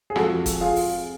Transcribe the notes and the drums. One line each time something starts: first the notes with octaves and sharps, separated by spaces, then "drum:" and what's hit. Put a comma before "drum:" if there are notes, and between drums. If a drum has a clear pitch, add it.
G#4
F2 F3 F#4 A4, drum: rim click
drum: kick, hi-hat
F4 G#4
drum: open hi-hat